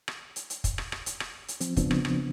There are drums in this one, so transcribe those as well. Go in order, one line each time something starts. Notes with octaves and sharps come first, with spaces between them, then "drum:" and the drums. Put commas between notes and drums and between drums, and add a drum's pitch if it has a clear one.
drum: rim click
drum: hi-hat
drum: hi-hat
drum: kick, hi-hat
drum: rim click
drum: rim click
drum: hi-hat
drum: rim click
drum: hi-hat
F3 C4, drum: hi-hat
C#3 F3 B3 C4 D4, drum: kick, hi-hat
drum: rim click
drum: rim click